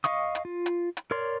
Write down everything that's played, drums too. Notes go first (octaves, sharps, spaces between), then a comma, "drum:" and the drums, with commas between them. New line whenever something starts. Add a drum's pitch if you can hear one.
D#5 F5 C#6 D#6, drum: hi-hat
drum: hi-hat
F4
drum: hi-hat
drum: hi-hat
A#4 C#5 D5 C6